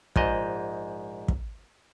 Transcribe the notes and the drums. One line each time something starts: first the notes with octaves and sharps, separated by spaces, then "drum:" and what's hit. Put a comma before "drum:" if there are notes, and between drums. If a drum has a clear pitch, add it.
A#1 G#2 D#5, drum: kick
drum: kick